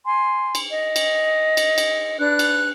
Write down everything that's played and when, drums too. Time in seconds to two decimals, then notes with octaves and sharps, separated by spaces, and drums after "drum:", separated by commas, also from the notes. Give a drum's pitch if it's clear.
0.05 G#5 C6
0.55 drum: cymbal
0.68 D#5
0.96 drum: cymbal
1.57 drum: cymbal
1.78 drum: cymbal
2.19 D4 B4 F#6
2.39 drum: cymbal